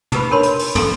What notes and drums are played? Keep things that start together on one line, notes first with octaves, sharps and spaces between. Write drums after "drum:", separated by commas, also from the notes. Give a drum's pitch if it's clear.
D#4 G4 B4 B5, drum: tom
D4 A#4 C#5 B5 C6
drum: hi-hat
drum: open hi-hat
A4 C6, drum: tom